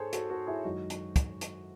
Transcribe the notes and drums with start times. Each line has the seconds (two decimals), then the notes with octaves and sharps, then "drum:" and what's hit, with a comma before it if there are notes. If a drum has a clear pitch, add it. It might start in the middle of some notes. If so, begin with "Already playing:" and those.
Already playing: G#2 G#4 A4 C5 C#5
0.13 F#4 A4, drum: hi-hat
0.30 F#4 A4
0.47 E4 G#4
0.64 F#2 D#3 G#3 D#4 F#4
0.90 drum: hi-hat
1.16 drum: kick, hi-hat
1.41 drum: hi-hat